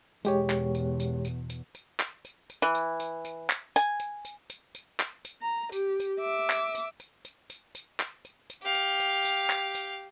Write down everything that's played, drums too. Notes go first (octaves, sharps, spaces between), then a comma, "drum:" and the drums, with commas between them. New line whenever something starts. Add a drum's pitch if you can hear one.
E2 B2 G#3 G4 C#5, drum: tambourine
drum: clap
drum: tambourine
drum: tambourine
drum: tambourine
drum: tambourine
drum: tambourine
drum: clap
drum: tambourine
drum: tambourine
E3
drum: tambourine
drum: tambourine
drum: tambourine
drum: clap
G#5, drum: tambourine
drum: tambourine
drum: tambourine
drum: tambourine
drum: tambourine
drum: clap
drum: tambourine
A#5
G4, drum: tambourine
drum: tambourine
E5 D6
drum: clap
drum: tambourine
drum: tambourine
drum: tambourine
drum: tambourine
drum: tambourine
drum: clap
drum: tambourine
drum: tambourine
G4 F5
drum: tambourine
drum: tambourine
drum: tambourine
drum: clap
drum: tambourine